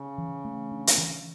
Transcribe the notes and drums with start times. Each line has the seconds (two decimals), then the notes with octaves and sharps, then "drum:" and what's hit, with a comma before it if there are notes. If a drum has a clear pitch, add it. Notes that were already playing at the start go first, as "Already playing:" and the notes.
Already playing: C#3
0.18 E3
0.45 A3
0.71 D4
0.87 drum: hi-hat
0.98 E3